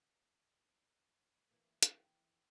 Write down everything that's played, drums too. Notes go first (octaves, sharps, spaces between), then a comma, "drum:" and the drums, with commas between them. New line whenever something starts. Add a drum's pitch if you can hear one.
E3 A#3
G5, drum: hi-hat